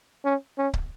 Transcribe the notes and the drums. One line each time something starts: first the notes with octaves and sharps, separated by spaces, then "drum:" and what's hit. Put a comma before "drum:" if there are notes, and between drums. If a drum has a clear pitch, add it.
C#4
C#4
drum: kick